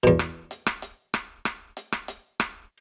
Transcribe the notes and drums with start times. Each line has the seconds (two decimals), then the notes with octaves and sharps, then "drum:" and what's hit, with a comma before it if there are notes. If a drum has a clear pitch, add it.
0.03 E2 B2
0.19 drum: rim click
0.51 drum: hi-hat
0.66 drum: rim click
0.82 drum: hi-hat
1.14 drum: rim click
1.45 drum: rim click
1.77 drum: hi-hat
1.92 drum: rim click
2.08 drum: hi-hat
2.40 drum: rim click